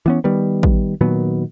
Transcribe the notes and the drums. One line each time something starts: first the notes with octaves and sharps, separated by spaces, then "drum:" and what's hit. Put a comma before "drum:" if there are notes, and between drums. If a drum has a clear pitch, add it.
E3 B3 C#4
D#3 G3 B3
drum: kick
A#2 D#3 F#3 B3